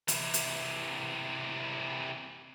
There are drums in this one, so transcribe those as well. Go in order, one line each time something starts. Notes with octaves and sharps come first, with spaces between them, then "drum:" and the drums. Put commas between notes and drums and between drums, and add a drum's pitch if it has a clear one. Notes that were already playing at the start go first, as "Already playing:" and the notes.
C3 E3, drum: hi-hat
drum: hi-hat